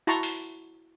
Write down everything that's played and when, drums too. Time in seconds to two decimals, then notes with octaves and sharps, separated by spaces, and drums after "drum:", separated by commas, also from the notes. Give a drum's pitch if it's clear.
0.07 E4 F#4 A5 A#5 C6 C#6
0.23 drum: open hi-hat